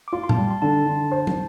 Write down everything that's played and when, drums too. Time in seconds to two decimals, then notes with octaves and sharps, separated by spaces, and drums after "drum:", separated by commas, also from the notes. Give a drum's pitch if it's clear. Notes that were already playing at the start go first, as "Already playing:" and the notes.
0.08 D6
0.13 F4 C6
0.23 C6
0.29 A5, drum: tom A#2
0.37 G3
0.50 C6
0.62 D3 A5
0.86 D3
1.12 C5
1.27 drum: tom